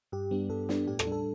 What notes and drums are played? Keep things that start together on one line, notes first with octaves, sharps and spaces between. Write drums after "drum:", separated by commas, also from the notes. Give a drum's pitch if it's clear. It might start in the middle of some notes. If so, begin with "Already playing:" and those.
G2 G4
G3 B3 D4
G2 A4
G3 B3 D4, drum: snare
A2 G4
A4, drum: rim click
G3 D4
A4